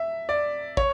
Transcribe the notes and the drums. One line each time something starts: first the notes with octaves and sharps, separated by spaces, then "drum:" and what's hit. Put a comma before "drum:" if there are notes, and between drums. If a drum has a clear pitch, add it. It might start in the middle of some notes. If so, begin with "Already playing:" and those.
Already playing: E5
D5
C#5, drum: kick